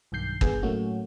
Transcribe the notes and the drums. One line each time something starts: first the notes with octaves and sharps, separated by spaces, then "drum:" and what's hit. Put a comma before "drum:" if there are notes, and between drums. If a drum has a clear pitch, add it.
B1 G2 D#3 G6 C7
G2 B3 G#4 G6, drum: kick
A2 F#3 A3 A#3 C#4 F#4